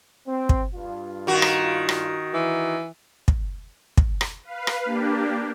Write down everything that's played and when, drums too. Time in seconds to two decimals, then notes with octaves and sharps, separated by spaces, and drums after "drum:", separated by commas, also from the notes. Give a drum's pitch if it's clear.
0.27 C4
0.49 drum: kick
0.75 G2 F4
1.27 D#3 F#4
1.42 drum: rim click
1.89 drum: rim click
2.34 E3
3.28 drum: kick
3.97 drum: kick
4.21 drum: rim click
4.44 B4 F5
4.67 drum: rim click
4.85 A#3 D4 G4